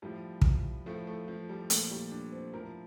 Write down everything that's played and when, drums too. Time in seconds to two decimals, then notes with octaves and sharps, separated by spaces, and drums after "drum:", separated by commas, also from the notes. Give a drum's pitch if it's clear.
0.02 A2 F3 G3
0.42 drum: kick
0.86 A2 F3 A3
1.07 A3
1.28 F3
1.49 G3
1.70 A#2 F3 A3, drum: hi-hat
1.91 G3
2.11 D4
2.32 C4
2.54 A2 F3 A#4